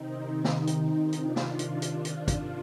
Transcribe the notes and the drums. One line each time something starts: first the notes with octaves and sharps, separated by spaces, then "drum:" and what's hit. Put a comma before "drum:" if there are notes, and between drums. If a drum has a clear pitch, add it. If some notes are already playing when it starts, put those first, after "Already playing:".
Already playing: C3 D#3 C4 D#4
drum: snare
drum: hi-hat
D4 F4, drum: hi-hat
drum: snare
drum: hi-hat
drum: hi-hat
drum: hi-hat
drum: kick, hi-hat